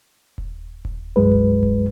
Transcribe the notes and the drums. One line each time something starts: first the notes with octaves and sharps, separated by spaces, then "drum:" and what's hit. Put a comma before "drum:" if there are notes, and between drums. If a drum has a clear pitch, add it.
drum: kick D#1
drum: kick D#1
C2 G2 F#3 G#3 B4
drum: kick D#1
drum: kick D#1